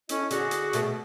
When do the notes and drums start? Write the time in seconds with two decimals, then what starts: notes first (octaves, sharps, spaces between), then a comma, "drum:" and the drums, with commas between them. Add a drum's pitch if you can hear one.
0.09 C#4 E4 A4 D#5, drum: hi-hat
0.30 D3 F#4 G#4, drum: hi-hat
0.51 drum: hi-hat
0.73 B2 A3, drum: hi-hat